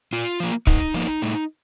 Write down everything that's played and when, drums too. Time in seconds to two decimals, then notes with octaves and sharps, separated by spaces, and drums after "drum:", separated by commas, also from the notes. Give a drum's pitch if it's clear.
0.13 A#2 F4
0.40 F3 A#3
0.67 A#2 D#4, drum: kick
0.94 F3 A#3
1.22 A2